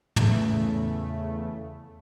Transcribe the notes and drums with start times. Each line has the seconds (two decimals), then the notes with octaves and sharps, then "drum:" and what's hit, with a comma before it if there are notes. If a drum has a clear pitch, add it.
0.16 E2 C#3 A3, drum: tom